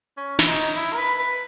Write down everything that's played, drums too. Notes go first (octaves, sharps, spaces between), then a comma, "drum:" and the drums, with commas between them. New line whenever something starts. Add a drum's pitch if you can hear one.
C#4
E4, drum: snare
D#4
E4
A#4
B4
B4